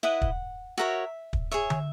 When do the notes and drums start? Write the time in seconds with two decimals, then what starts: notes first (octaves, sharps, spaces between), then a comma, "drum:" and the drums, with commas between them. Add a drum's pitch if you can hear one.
0.03 E4 B4 D#5 F#5
0.22 drum: kick
0.78 F#4 A#4 C#5 E5
1.33 drum: kick
1.51 G#4 C#5 E5
1.70 drum: tom